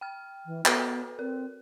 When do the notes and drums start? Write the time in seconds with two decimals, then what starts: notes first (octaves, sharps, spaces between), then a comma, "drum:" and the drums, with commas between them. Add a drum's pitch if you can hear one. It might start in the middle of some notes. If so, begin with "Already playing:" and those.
0.01 G5 F6
0.46 E3
0.65 B3 F#4 A4 B4, drum: clap
1.19 C4 A#4